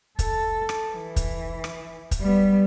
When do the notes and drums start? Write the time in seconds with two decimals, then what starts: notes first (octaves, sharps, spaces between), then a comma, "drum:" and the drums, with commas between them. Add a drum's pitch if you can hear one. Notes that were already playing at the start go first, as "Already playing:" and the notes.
0.19 A4, drum: kick, hi-hat
0.69 drum: rim click
0.93 E3
1.16 drum: kick, hi-hat
1.64 drum: rim click
2.11 drum: kick, hi-hat
2.20 G3 B3